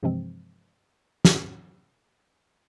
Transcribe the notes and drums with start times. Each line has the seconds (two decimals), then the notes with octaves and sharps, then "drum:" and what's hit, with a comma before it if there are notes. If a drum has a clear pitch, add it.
0.03 G2 C3 E3 F3 G#3 C4
1.25 drum: snare